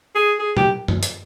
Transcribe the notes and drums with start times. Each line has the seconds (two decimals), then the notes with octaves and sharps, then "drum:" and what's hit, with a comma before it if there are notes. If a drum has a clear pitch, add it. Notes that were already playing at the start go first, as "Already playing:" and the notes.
0.15 G#4
0.39 G#4
0.57 G4, drum: tom B2
0.88 drum: tom
1.03 drum: hi-hat